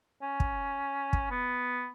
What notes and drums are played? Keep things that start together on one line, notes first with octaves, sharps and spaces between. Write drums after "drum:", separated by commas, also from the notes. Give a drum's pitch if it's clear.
C#4
drum: kick
drum: kick
B3